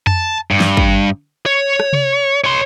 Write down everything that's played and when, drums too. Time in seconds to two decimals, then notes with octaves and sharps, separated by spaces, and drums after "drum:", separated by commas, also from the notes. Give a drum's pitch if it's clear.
0.07 A5, drum: tom F2
0.51 G2
0.60 drum: snare
0.77 drum: kick
1.46 C#5
1.80 drum: rim click
1.93 drum: tom C3
2.44 C#5 C6